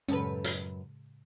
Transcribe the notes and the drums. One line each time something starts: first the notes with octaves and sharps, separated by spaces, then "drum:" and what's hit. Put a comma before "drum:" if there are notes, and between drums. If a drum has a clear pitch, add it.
F#2 A2 C#3 G#3 C#4 A4 B4
drum: hi-hat